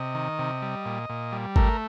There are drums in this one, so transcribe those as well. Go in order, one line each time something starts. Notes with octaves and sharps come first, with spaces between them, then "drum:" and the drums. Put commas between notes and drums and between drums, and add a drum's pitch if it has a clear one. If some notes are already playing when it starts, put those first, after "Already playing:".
Already playing: C3 D#5
D#3
C3
G3
A#2
A#2
G3
A3 A#4, drum: kick G#1